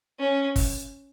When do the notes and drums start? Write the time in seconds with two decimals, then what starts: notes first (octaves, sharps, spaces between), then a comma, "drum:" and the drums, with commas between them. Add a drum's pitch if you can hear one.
0.19 C#4
0.56 drum: kick, open hi-hat